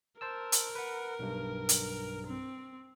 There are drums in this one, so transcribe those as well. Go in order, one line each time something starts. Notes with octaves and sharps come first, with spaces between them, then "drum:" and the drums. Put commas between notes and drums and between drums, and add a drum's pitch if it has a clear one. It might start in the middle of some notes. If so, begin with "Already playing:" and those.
A#4 C5 A5 E6
drum: hi-hat
B4 F#5
B1 G2
drum: hi-hat
C4